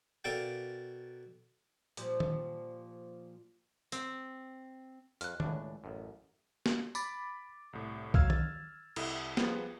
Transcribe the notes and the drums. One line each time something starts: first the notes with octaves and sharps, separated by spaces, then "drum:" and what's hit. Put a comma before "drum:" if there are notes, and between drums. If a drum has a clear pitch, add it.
B2 A4 A#4 D5 F5 G5
A#2 F3 G3, drum: hi-hat
drum: tom D#3
C4, drum: hi-hat
F2 F6 F#6, drum: hi-hat
C#2 A2 D4, drum: tom D#3
A1 F#2
drum: snare
B5 D6 A6, drum: tambourine
C2 A2
F#3 F5 E6 F6 G#6, drum: kick C2
A6, drum: tom D#3
C2 E4 A4 D#6, drum: cymbal
F3 G3 B3 F4 G#4, drum: snare